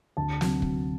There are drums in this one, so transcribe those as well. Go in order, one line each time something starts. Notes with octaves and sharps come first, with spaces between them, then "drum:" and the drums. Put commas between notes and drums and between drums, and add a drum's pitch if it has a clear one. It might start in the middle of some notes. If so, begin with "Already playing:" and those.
D2 A5
C3 F#3, drum: snare
drum: kick